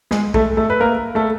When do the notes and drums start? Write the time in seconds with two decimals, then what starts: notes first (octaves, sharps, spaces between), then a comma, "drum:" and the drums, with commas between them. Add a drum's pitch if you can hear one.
0.11 G#3 G#4, drum: snare
0.34 A3 A4, drum: kick
0.57 A3 A4
0.70 B4
0.80 A#3 A#4
1.15 A3 A4